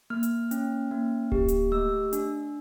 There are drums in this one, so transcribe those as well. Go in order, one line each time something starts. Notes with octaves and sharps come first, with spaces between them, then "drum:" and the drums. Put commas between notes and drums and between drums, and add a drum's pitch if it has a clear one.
A#3 F6
drum: hi-hat
C#4, drum: hi-hat
A#3
G4, drum: kick D1
drum: hi-hat
A3 E6
D4, drum: hi-hat